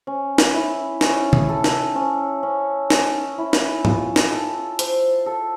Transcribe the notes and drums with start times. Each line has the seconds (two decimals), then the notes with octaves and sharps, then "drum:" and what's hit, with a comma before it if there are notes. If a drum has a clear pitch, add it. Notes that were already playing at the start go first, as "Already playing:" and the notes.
0.07 C#4
0.38 drum: snare
0.54 E4
1.01 C#4, drum: snare
1.33 drum: tom
1.49 A4
1.64 drum: snare
1.95 C#4
2.43 C#4
2.90 C#4, drum: snare
3.38 E4
3.53 drum: snare
3.85 F4, drum: tom
4.16 drum: snare
4.32 A4
4.79 C5, drum: hi-hat
5.26 A4